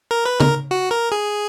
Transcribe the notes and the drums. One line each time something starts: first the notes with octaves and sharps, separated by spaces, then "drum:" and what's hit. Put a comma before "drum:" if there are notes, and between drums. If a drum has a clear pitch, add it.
A#4
B4
A#4, drum: tom C#3
F#4
A#4
G#4